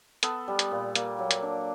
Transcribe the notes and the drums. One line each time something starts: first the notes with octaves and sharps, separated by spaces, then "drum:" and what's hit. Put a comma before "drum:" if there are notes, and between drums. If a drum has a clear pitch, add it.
B3 A4, drum: hi-hat
G3
drum: hi-hat
A#2
A#3, drum: hi-hat
F#3
drum: hi-hat
D4